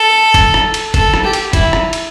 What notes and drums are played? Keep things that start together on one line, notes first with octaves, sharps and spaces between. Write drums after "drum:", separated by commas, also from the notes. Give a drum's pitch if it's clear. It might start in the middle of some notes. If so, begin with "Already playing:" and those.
Already playing: A4
drum: kick, cymbal
drum: rim click
drum: cymbal
A4, drum: kick, cymbal
drum: rim click
G4
drum: cymbal
E4, drum: kick, cymbal
drum: rim click
drum: cymbal